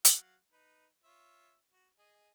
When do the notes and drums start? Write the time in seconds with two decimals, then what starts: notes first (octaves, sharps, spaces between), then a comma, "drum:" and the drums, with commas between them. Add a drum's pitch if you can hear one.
0.05 F#3 F5 F#5, drum: hi-hat
0.52 D#4 B4
1.04 F4 C#5 E5
1.71 F#4
1.98 G#4 D#5